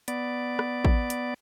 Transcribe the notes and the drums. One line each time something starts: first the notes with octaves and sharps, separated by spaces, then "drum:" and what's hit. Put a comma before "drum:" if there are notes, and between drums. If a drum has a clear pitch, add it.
B3 D5, drum: hi-hat
drum: rim click
drum: kick A1
drum: hi-hat